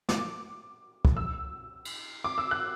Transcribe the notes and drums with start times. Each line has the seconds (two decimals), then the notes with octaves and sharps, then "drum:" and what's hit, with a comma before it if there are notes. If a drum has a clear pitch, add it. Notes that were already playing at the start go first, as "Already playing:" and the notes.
0.09 D6, drum: snare
1.05 drum: kick
1.17 E6
1.85 drum: cymbal
2.24 D6
2.38 E6
2.51 F#6